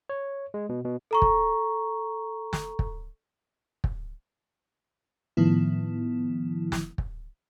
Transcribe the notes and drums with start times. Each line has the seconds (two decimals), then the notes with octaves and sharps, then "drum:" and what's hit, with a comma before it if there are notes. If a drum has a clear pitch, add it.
0.09 C#5
0.54 G#3
0.69 B2
0.85 B2
1.11 A4 A#5 C#6
1.22 drum: kick
2.53 drum: snare
2.79 drum: kick
3.84 drum: kick
5.37 A2 D#3 F3 B3 E4
6.72 drum: snare
6.98 drum: kick